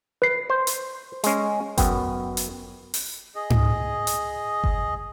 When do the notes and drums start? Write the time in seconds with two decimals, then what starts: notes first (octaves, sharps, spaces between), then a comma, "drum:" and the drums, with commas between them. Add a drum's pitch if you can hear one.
0.22 B4 C7
0.50 C5
0.67 drum: hi-hat
1.24 G#3 C#4, drum: hi-hat
1.78 F#2 B3 G5, drum: kick G1, hi-hat
2.37 drum: hi-hat
2.94 drum: open hi-hat
3.35 G#4 D#5
3.50 drum: tom G#2
4.07 drum: hi-hat
4.64 drum: kick G1